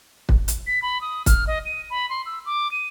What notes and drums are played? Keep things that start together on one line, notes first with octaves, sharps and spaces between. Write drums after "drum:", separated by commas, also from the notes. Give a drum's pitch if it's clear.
drum: kick
drum: hi-hat
B6
B5
D#6
F6, drum: kick, hi-hat
D#5
D#7
B5
C6
E6
D6
D#7